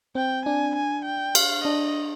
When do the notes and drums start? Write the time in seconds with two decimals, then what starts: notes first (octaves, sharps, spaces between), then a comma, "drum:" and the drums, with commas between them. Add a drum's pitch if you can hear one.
0.15 C4 G5
0.46 D4 G#5
0.76 G#5
1.05 G5
1.35 F5, drum: cymbal
1.64 D4 D#5